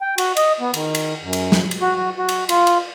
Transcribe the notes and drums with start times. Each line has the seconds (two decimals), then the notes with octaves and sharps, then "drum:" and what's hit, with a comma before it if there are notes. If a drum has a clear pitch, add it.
0.01 G5
0.18 F#4, drum: cymbal
0.37 D#5, drum: cymbal
0.60 B3
0.74 D#3, drum: cymbal
0.95 drum: cymbal
1.22 F#2
1.33 drum: cymbal
1.52 drum: snare
1.71 drum: cymbal
1.81 F#4
1.95 F#4
2.18 F#4
2.29 drum: cymbal
2.49 F4, drum: cymbal
2.67 drum: cymbal